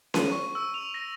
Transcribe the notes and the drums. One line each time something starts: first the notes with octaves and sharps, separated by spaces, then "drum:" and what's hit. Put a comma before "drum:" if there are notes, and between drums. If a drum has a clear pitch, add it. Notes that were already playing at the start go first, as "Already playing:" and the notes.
D#7, drum: snare C#4
C#6
E6
F7
A#6